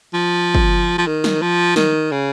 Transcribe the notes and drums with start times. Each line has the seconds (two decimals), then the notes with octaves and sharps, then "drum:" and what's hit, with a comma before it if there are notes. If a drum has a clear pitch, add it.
0.14 F3
0.55 drum: kick
0.98 F3
1.07 D#3
1.24 drum: snare
1.42 F3
1.76 D#3, drum: snare
2.12 C#3